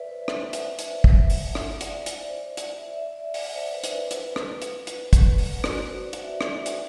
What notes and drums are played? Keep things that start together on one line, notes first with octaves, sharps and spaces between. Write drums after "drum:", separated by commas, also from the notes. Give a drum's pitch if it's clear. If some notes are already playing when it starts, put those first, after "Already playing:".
Already playing: B4 D5 E5
C5
E5, drum: rim click
drum: hi-hat
drum: hi-hat
drum: kick
drum: open hi-hat
drum: rim click
D5, drum: hi-hat
drum: hi-hat
D5
C5
D5
D5, drum: hi-hat
E5
E5
D5
D5, drum: open hi-hat
C5
B4
C5, drum: hi-hat
B4
B4, drum: hi-hat
drum: rim click
drum: hi-hat
drum: hi-hat
drum: kick, hi-hat
drum: open hi-hat
F#4, drum: rim click
C5
D5
D5, drum: hi-hat
E5
D5, drum: rim click
drum: hi-hat